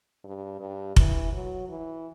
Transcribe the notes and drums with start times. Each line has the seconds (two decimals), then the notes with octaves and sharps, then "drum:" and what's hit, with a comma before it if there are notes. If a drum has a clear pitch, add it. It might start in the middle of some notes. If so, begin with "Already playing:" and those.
0.24 G2
0.60 G2
0.96 E3, drum: kick F1
1.33 F#3
1.69 E3